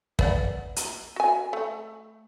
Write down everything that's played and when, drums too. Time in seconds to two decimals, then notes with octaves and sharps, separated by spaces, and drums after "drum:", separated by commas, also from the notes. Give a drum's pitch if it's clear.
0.19 B4 D5 F#5, drum: kick
0.76 drum: hi-hat
1.16 F#4 G#5
1.53 A3